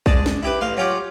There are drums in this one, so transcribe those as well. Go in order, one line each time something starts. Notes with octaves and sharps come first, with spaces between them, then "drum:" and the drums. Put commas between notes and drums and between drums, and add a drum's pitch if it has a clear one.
G#3 D4 A5 D#6, drum: kick A#1
drum: snare
E4 G4 B4
A1 F5 C6
F#3 C#4 F4 G4